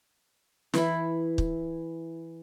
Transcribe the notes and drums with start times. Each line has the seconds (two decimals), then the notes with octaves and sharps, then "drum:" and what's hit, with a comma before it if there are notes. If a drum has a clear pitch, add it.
0.74 E3 E4, drum: snare
1.38 drum: kick